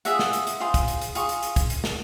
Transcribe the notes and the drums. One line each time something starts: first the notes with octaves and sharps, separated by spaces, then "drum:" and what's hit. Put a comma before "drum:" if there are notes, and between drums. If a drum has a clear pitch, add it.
F4 G#4 C5 D#5 E5 F#5, drum: hi-hat
drum: snare
drum: hi-hat
drum: hi-hat
F4 G#4 C5 C6
drum: kick, hi-hat
drum: hi-hat
drum: hi-hat
F4 G#4 C#6, drum: hi-hat
drum: hi-hat
drum: hi-hat
drum: kick, hi-hat
drum: hi-hat
drum: snare